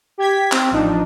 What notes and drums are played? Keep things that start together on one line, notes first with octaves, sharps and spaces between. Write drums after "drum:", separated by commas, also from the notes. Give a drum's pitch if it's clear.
G4 G#6 B6
C4, drum: clap
A1 F3 D4 D#4